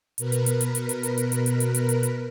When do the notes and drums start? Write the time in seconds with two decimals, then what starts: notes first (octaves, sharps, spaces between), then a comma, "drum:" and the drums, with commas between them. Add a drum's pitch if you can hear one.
0.18 B2 A#4 B4, drum: hi-hat
0.32 drum: hi-hat
0.46 drum: hi-hat
0.61 drum: hi-hat
0.75 drum: hi-hat
0.89 drum: hi-hat
1.03 drum: hi-hat
1.18 drum: hi-hat
1.32 drum: hi-hat
1.46 drum: hi-hat
1.60 drum: hi-hat
1.74 drum: hi-hat
1.89 drum: hi-hat
2.03 drum: hi-hat